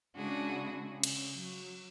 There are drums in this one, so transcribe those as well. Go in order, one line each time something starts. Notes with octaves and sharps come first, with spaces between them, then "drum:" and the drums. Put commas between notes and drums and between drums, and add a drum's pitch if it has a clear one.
C#3 G#3 D4 E4 F#4 G#4
C#3
drum: cymbal
F#3